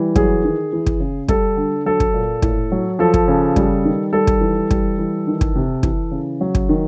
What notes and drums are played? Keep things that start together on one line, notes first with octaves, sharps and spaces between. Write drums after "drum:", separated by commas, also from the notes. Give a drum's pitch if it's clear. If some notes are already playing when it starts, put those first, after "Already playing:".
Already playing: E3 G3
F#3 G#4, drum: kick
D#3
E3
drum: kick
C#3
G3 A4, drum: kick
D3
F#3 A4
drum: kick
A#2
A2, drum: kick
F#3
F3 A4
drum: kick
C#3
G3, drum: kick
D#3
G3 A4
drum: kick
E3
G3, drum: kick
E3
D#3
drum: kick
C3
E3, drum: kick
C#3
F#3
drum: kick
D#3